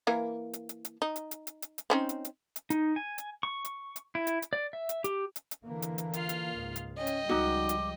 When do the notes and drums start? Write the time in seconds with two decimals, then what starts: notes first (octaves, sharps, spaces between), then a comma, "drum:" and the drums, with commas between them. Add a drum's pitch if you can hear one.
0.07 E3 A#3 A#4
0.53 drum: hi-hat
0.69 drum: hi-hat
0.85 drum: hi-hat
1.02 D#4
1.16 drum: hi-hat
1.31 drum: hi-hat
1.47 drum: hi-hat
1.62 drum: hi-hat
1.78 drum: hi-hat
1.90 C4 C#4 D#4
2.09 drum: hi-hat
2.25 drum: hi-hat
2.56 drum: hi-hat
2.70 D#4, drum: hi-hat
2.96 G#5
3.18 drum: hi-hat
3.43 C#6
3.65 drum: hi-hat
3.96 drum: hi-hat
4.15 E4
4.27 drum: hi-hat
4.42 drum: hi-hat
4.53 D5
4.73 E5
4.89 drum: hi-hat
5.04 G4, drum: hi-hat
5.36 drum: hi-hat
5.51 drum: hi-hat
5.64 D3 E3 A#3
5.82 drum: hi-hat
5.98 drum: hi-hat
6.13 F4 F5, drum: hi-hat
6.29 drum: hi-hat
6.53 C#2 G#2
6.76 drum: hi-hat
6.97 C#4 D#5 G5
7.07 drum: hi-hat
7.29 C#2 F3 G3 D#4 F#4 D6
7.69 drum: hi-hat